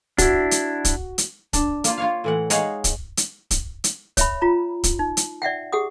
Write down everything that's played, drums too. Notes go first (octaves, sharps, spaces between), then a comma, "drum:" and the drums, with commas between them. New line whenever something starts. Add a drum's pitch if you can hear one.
D4 E4 F#4, drum: kick, hi-hat
drum: hi-hat
drum: kick, hi-hat
drum: hi-hat
D4, drum: kick, hi-hat
A#3 F4, drum: hi-hat
F4 C#5 F5
A2 E3 F#5
G#3 D#4 C#5 F5 F#5, drum: hi-hat
drum: kick, hi-hat
drum: hi-hat
drum: kick, hi-hat
drum: hi-hat
C#5 E5 B5, drum: kick, hi-hat
F4 A#5
drum: kick, hi-hat
D#4
drum: hi-hat
D5 E5 F#5 G5
G4 G#4 F#5 D#6